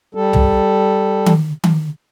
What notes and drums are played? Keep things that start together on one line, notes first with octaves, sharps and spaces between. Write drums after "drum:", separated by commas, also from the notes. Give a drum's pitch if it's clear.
G3 A4
drum: tom
drum: tom D#3
drum: tom D#3